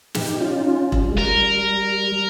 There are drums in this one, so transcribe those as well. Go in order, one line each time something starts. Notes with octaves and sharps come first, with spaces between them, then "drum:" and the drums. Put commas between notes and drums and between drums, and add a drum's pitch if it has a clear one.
D#4 G4, drum: snare
D#4
C#4 F4
D#4
C#4 F4
G3, drum: kick E1
G#3
G3 A#4